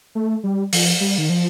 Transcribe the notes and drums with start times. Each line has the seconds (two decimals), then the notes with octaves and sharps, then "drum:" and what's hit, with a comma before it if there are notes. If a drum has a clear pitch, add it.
0.15 A3
0.44 G3
0.73 F3, drum: open hi-hat
1.01 G3
1.18 D#3
1.30 F3